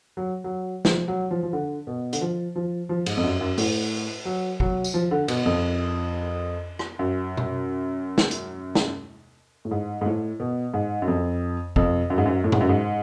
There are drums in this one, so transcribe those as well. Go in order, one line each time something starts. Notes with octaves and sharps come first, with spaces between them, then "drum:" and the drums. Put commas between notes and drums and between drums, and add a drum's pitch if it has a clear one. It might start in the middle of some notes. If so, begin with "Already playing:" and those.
F#3
F#3
F3, drum: snare
F#3
F3
F3
D3
B2
D3, drum: hi-hat
F3
F3
F3
G#2, drum: cymbal
F2
F#2
F#2
A2, drum: open hi-hat
F#3
F#3, drum: kick
drum: tambourine
F3
D3
B2, drum: cymbal
F2
drum: rim click
F#2
drum: tom B2
drum: snare
drum: hi-hat
drum: snare
A2
G#2
G#2
A2
B2
G#2
F#2
F2
F2, drum: kick
F#2
G#2
F#2
A2
G#2, drum: tom A2
F#2
G#2